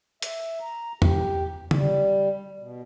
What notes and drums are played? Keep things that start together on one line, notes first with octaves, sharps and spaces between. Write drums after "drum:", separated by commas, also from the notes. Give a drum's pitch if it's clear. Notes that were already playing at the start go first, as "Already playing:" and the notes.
E5, drum: hi-hat
A#5
G4, drum: tom E2
G3, drum: tom C#3
B2